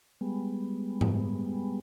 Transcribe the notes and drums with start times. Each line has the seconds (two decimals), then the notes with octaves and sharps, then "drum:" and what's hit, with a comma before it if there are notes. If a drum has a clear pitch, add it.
0.21 G3 G#3 B3
1.01 drum: tom G#2